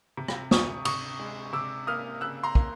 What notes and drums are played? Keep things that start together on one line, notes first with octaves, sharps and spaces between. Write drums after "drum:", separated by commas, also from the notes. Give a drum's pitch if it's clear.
C3
drum: rim click
D2 C#6 D#6, drum: snare
C3 C#6 D#6, drum: cymbal
G#3
C3 D6 E6
A#3 D#6 F6
C#3 E6 F#6
A#5 C6
A#3, drum: kick